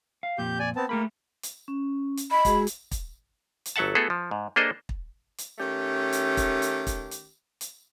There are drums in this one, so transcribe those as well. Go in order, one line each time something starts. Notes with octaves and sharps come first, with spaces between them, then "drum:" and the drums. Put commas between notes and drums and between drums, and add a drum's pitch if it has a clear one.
F5
F2 A#2 G4 G6
D5 G#5
B3 C4 A5
A3 A#3 G#4 B5
drum: hi-hat
C#4
drum: hi-hat
D#5 B5
G#3 F#4 G#4, drum: kick, hi-hat
drum: hi-hat
drum: kick, hi-hat
drum: hi-hat
G1 F#3 A4 E5 F#5 A5
A3 B3 E4 F#4 G#4 A4
F3
G#2
A#3 D4 G#4 A4 C5 D#5
drum: kick
drum: hi-hat
D#3 A3 C#4 G4
drum: hi-hat
drum: kick, hi-hat
drum: hi-hat
drum: kick, hi-hat
drum: hi-hat
drum: hi-hat